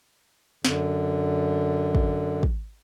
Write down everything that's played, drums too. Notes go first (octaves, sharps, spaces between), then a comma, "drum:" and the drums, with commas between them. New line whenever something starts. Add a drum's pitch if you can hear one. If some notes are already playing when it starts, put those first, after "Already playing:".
F#2 D3, drum: snare
drum: kick
drum: kick